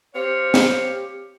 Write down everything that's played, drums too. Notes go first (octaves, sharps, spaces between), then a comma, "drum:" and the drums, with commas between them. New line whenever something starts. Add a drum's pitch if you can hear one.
C4 G4 C#5 F5
drum: snare